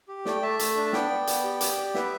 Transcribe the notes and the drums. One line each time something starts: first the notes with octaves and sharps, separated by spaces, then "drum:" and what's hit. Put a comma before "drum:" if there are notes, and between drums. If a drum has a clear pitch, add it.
G4
A3 D5 G5, drum: snare
A3 E5 A5
A3, drum: hi-hat
D4
A5
B3 D5 G5, drum: snare
B3
B3, drum: hi-hat
G4
G4, drum: hi-hat
G4
B3 B4 E5, drum: snare